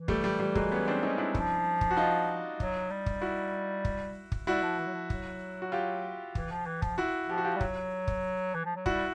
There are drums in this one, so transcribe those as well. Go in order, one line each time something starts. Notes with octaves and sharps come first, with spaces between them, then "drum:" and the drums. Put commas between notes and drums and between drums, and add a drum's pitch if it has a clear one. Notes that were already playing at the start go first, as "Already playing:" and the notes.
Already playing: E3
G3 A3, drum: kick
G3
G3
F#3 G#3, drum: kick
B3 C#4
C4 D4
C#4 D#4
D4 E4
F3, drum: kick
drum: kick
F#4
D#4 F4
F#3, drum: kick
G3
drum: kick
E4 F#4
drum: kick
drum: kick
G3 E4 F#4
F3
E3
F#3
F3
F#3, drum: kick
F#4
F4 G4
E3, drum: kick
F3
E3
F3, drum: kick
E4 F#4
F3 G4
F#4
F4 G4
G3
F#3, drum: kick
drum: kick
E3
F3
F#3
G3 E4 F#4, drum: kick